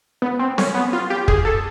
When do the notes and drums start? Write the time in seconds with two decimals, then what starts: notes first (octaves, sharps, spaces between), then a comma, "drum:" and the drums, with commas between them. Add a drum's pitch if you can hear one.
0.22 B3
0.39 C4
0.58 C#4, drum: snare C4
0.74 B3
0.93 F4
1.10 G4
1.28 G#4, drum: kick
1.45 A4